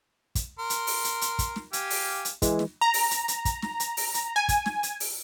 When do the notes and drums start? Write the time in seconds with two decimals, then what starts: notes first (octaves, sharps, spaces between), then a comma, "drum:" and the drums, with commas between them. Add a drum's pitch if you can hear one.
0.35 drum: kick, hi-hat
0.59 A#4 C6
0.70 drum: hi-hat
0.87 drum: open hi-hat
1.04 drum: hi-hat
1.21 drum: hi-hat
1.39 drum: kick, hi-hat
1.56 drum: snare
1.73 G4 F5 G#5, drum: hi-hat
1.90 drum: open hi-hat
2.25 drum: hi-hat
2.42 E3 G#3, drum: kick, hi-hat
2.59 drum: snare
2.81 A#5
2.94 drum: open hi-hat
3.11 drum: hi-hat
3.28 drum: hi-hat
3.45 drum: kick, hi-hat
3.62 drum: snare
3.80 drum: hi-hat
3.97 drum: open hi-hat
4.14 drum: hi-hat
4.36 G#5
4.49 drum: kick, hi-hat
4.66 drum: snare
4.83 drum: hi-hat
5.00 drum: open hi-hat